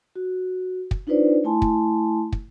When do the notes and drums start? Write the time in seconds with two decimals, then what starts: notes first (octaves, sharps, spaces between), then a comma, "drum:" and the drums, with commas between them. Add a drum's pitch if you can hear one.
0.16 F#4
0.91 drum: kick
1.07 D4 D#4 F4 B4 C5 D5
1.44 A3 E4 G#5 A5 C6
1.62 drum: kick
2.32 drum: kick